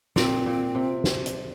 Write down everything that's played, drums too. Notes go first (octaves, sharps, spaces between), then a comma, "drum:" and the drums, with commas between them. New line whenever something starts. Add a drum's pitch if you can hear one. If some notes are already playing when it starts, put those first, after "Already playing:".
A#2 C4, drum: snare
A#2
C3
drum: snare
drum: hi-hat